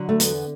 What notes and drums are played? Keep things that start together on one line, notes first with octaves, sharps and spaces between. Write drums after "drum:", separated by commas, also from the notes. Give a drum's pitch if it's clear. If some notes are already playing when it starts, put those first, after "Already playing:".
Already playing: D3 F#3
A3
E2 B3, drum: hi-hat